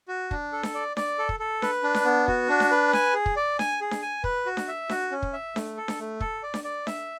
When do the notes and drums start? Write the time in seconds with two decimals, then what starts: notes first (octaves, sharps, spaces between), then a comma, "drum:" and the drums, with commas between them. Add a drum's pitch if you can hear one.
0.08 F#4
0.31 D4, drum: kick
0.53 A4
0.63 drum: snare D4
0.75 D5
0.97 D5, drum: snare D4
1.19 A4
1.29 drum: kick
1.40 A4
1.62 B4, drum: snare D4
1.83 D4
1.95 drum: snare D4
2.05 B3
2.28 F#4, drum: kick
2.49 D4
2.60 drum: snare D4
2.71 B4
2.93 G#5, drum: snare D4
3.14 G#4
3.26 drum: kick
3.36 D5
3.59 G#5, drum: snare D4
3.81 G#4
3.91 drum: snare D4
4.02 G#5
4.24 B4, drum: kick
4.46 F#4
4.57 drum: snare D4
4.68 E5
4.89 F#4, drum: snare D4
5.11 C#4
5.23 drum: kick
5.33 E5
5.56 A3, drum: snare D4
5.77 A4
5.88 drum: snare D4
6.00 A3
6.20 A4, drum: kick
6.43 D5
6.54 drum: snare D4
6.64 D5
6.87 E5, drum: snare D4